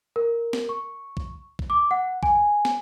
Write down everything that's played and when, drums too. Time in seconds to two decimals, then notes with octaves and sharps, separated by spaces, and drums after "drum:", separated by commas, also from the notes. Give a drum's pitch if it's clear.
0.16 A#4
0.53 drum: snare
0.69 C#6
1.17 drum: kick B1
1.59 drum: kick B1
1.70 D6
1.91 F#5
2.23 G#5, drum: kick B1
2.65 drum: snare